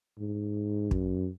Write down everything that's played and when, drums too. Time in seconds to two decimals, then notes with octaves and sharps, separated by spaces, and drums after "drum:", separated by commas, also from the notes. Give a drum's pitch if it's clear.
0.18 G#2
0.91 F#2, drum: kick